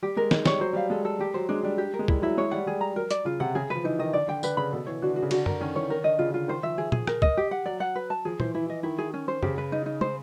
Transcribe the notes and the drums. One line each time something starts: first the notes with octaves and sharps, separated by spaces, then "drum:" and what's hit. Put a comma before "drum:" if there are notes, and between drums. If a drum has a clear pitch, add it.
G3 G4
G#3 A#4
G#3 D#4, drum: snare
G3 C#5, drum: snare
F#3 C5
G3
F5
G#3 A4
A4
G3 G4
F#3 C5
G#3 D4
G3 D4
G4
A#4
G#3
G3 E4, drum: kick
F#3 E4
G#3 C#5
G3 F#5
G3 G#4
A#5
F#3 A#4
D5, drum: hi-hat
C#3 F4
C3 F#5
C#3 G#4
F3 B4
E3 D#4
D#3 D#5
D3 D5
D3 G5
D3 B4, drum: tambourine
C#3 B5
B2 A4
E3 C#5
D3 F#4
F#4
C#3
D3 F#4, drum: cymbal
A#4, drum: tom F#2
D#3 C#4
E3 C#5
D#3 A#4
D3 D#5
C#3 F4
D3 F4
D#3 C5
F3 E5
F3 G#4
G#4, drum: tom A#2
A#4, drum: rim click
D#5, drum: kick
G4
F#5
F#3 D5
F#5
B4
A5
F3 G#4
E3 C5, drum: tom A#2
E3 E4
D#5
D#3 E4
G#4
C#4
C5
C#3 G4, drum: tom F#2
B4
D#4
D#4
C5, drum: tom